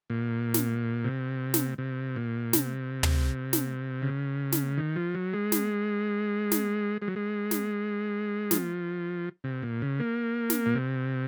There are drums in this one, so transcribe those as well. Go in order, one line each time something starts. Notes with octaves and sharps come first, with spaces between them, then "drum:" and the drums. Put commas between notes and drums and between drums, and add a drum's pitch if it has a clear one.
A#2
drum: snare
C3
drum: snare
C3
A#2
C3, drum: snare
drum: tom
drum: snare
C#3
drum: snare
D#3
F3
F#3
G#3
drum: snare
drum: snare
G#3
F#3
G#3
drum: snare
F3, drum: snare
C3
A#2
C#3
A#3
drum: snare
A#2
C3